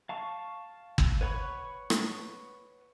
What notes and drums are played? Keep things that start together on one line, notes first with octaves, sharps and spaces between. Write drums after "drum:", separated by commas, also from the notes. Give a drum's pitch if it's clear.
F5 A5 C#6
drum: kick G1
B4 C#5 F#5 B5 C#6
drum: rim click